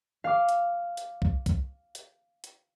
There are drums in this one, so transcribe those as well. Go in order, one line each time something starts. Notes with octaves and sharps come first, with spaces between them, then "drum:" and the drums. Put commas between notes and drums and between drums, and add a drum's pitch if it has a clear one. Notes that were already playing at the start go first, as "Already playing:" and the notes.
F5 D6
drum: hi-hat
drum: hi-hat
drum: kick B1
drum: kick B1, hi-hat
drum: hi-hat
drum: hi-hat